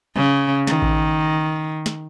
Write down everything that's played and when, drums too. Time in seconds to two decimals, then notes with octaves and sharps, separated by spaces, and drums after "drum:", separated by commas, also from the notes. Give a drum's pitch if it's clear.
0.16 C#3, drum: tom F#3
0.67 D#3, drum: snare
0.82 drum: kick A1
1.86 drum: snare